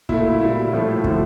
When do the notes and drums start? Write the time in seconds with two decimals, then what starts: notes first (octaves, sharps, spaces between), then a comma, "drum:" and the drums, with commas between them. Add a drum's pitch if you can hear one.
0.09 A#2 A3 E4, drum: kick
0.25 E4
0.41 A#2 G3 E4
0.72 A2 F3 A3 F4
0.88 E4
1.04 D3 F3 A3, drum: kick